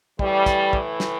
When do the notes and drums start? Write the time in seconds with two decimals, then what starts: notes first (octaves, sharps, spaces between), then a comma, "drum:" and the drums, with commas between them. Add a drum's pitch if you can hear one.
0.19 A2 E3 G3, drum: kick
0.46 drum: kick, hi-hat
0.73 drum: kick
1.00 drum: snare